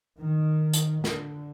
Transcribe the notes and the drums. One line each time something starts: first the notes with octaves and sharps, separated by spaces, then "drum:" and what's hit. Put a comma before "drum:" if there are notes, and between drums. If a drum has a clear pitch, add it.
D#3
drum: hi-hat
D3, drum: snare